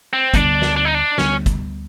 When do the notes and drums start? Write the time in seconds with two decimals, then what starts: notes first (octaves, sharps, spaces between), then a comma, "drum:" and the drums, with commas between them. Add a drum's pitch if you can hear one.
0.13 C4
0.34 D2 D3 G3 B3 D4, drum: kick, hi-hat
0.62 drum: snare
0.76 D4
0.85 D#4
0.94 D4
1.18 D2 D3 G3 B3 C#4, drum: snare
1.46 drum: kick, hi-hat